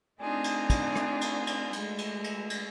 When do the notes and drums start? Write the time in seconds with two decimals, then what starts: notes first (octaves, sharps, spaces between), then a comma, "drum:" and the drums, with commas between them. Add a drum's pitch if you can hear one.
0.21 A3 C4 D4 D#4 F4 G#4
0.44 drum: cymbal
0.70 drum: kick, cymbal
0.95 drum: rim click
1.21 drum: cymbal
1.47 drum: cymbal
1.73 G#3 A3, drum: cymbal
1.98 drum: cymbal
2.24 drum: cymbal
2.50 drum: cymbal